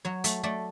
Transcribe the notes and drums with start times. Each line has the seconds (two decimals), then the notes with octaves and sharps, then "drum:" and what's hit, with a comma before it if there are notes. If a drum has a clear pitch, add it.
0.05 F#3 C#5
0.24 A3, drum: hi-hat
0.43 A3 D5